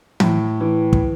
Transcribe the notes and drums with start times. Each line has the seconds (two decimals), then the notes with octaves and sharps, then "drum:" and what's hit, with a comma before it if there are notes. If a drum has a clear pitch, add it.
0.20 A2, drum: tom E3
0.61 E3
0.93 drum: kick